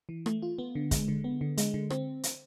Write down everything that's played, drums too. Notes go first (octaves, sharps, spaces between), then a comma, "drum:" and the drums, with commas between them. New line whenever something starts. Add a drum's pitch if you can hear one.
E3
A3, drum: rim click
F4
B3
D3
G#3, drum: kick, hi-hat
D3
B3
D3
G#3, drum: hi-hat
D3
C4, drum: rim click
drum: hi-hat